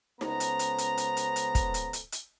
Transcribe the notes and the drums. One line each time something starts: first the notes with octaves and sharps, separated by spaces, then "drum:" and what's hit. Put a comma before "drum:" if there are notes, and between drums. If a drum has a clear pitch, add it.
C#2 B3 C#4 A4 C5 A#5, drum: snare D#4
drum: hi-hat
drum: hi-hat
drum: hi-hat
drum: hi-hat
drum: hi-hat
drum: hi-hat
drum: kick, hi-hat
drum: hi-hat
drum: hi-hat
drum: hi-hat